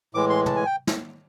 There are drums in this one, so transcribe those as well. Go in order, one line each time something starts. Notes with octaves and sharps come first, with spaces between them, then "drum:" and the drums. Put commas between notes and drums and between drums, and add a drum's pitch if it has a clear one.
A2 E3 G#3 D6
C6
A5, drum: tom
G#5
G5
drum: snare